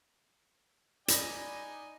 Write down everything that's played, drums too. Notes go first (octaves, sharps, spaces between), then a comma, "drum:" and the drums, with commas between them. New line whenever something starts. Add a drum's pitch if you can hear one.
D#4 D5 D#5 G#5 B5 A#6, drum: hi-hat